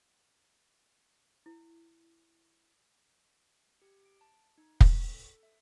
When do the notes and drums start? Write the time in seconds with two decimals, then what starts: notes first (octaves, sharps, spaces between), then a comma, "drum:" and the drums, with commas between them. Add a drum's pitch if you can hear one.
1.46 E4
3.82 G4
4.05 D7
4.21 A5
4.58 D#4
4.81 B3, drum: kick
5.11 A4
5.43 E5